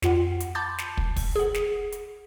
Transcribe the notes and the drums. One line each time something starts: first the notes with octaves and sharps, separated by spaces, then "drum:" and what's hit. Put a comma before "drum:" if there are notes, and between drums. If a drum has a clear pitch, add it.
F2 F4 F#5, drum: snare
drum: hi-hat
A5 B5 C6 D6 G6 A6
drum: snare
drum: kick
drum: kick, open hi-hat
G#4 F#5
drum: snare
drum: hi-hat